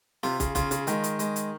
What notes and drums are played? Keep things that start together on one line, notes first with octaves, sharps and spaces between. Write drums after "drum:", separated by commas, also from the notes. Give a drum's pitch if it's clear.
C3 F4, drum: snare
C#3, drum: kick, hi-hat
C#3 F4, drum: kick, hi-hat
C#3, drum: hi-hat
D#3 G#3, drum: hi-hat
drum: hi-hat
G#3, drum: hi-hat
drum: hi-hat